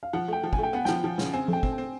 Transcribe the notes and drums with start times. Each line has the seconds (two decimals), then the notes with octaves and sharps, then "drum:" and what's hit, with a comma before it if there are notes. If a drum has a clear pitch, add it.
0.03 F5
0.13 F3 F#5
0.28 A3 G5
0.43 F3
0.53 G#5, drum: kick
0.58 A3 G5
0.73 B3 F#5
0.85 F3 G5, drum: snare
1.04 F3
1.18 C#3, drum: snare
1.33 C4 G#5
1.48 A3 G5, drum: tom F3
1.63 C4, drum: kick
1.73 G5
1.78 C4